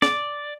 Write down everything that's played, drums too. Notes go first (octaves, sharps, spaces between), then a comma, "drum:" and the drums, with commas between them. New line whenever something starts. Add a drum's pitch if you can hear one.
D5, drum: snare